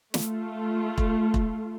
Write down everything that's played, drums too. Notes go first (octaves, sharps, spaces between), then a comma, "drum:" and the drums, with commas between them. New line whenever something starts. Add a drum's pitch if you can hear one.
A3 F4, drum: snare
drum: kick E1
drum: kick E1